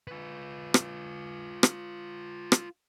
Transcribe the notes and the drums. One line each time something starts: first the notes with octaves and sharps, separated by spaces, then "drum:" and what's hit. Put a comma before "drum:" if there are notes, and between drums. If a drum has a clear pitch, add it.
F4 B4
drum: rim click
drum: rim click
drum: rim click